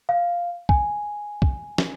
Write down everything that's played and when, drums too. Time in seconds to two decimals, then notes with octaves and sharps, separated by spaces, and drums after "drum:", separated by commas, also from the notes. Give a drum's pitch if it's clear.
0.09 F5
0.69 G#5, drum: kick B1
1.42 drum: kick B1
1.78 drum: snare